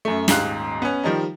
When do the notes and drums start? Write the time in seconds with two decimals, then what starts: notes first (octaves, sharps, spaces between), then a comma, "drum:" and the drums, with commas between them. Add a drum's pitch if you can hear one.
0.05 F#2 A3
0.28 D#1 G#2 G4 F5 F#6, drum: snare
0.82 B3 C#4
1.04 D#3 F3 G3 D#4